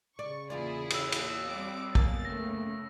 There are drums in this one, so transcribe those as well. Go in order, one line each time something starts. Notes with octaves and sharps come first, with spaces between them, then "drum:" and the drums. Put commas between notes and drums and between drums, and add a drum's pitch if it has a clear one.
C#3 D5 C#6
E2 A#2 E4 F4 G#4 D5
D#6 E6, drum: cymbal
drum: cymbal
G3 C4 D6
F#2 F#3 A#3 B3 A6, drum: kick
C#3 A3 A#6